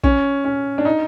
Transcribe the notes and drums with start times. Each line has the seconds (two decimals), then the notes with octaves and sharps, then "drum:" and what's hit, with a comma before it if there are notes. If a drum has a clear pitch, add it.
0.04 C#4, drum: kick
0.45 C#4
0.78 D4
0.85 D#4